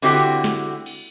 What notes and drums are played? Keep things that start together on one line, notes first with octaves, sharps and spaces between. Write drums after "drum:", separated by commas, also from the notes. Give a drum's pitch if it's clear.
D3 C4 E4 F#4 G4 G5, drum: cymbal
drum: snare
drum: cymbal